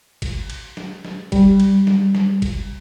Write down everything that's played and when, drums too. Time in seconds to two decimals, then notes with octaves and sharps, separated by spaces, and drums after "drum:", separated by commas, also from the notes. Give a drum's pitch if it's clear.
0.22 drum: kick, cymbal
0.50 drum: cymbal
0.77 drum: snare
1.05 drum: snare
1.32 G3, drum: kick, cymbal
1.60 drum: cymbal
1.87 drum: snare
2.15 drum: snare
2.42 drum: kick, cymbal